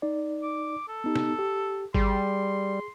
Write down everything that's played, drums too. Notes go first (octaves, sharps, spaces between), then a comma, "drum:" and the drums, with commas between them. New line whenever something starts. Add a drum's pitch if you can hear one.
D#4 D5
D6
A4
B3 D#4 G4
drum: snare
G4
G3 G#4 C6, drum: kick G#1